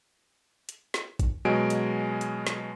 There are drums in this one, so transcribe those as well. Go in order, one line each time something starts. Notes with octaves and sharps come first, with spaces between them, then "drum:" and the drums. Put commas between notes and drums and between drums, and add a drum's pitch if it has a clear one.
drum: hi-hat
drum: snare
drum: kick G#1, hi-hat
B2 F#3 G#3 G#5 D7
drum: hi-hat
drum: hi-hat
drum: snare